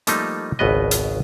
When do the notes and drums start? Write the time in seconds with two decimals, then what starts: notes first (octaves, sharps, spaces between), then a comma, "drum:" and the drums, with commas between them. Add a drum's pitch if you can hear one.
0.07 F3 G3 A3 A#3 D#4, drum: hi-hat
0.59 G#1 C#2 B2 B3 B4 D#5
0.91 drum: hi-hat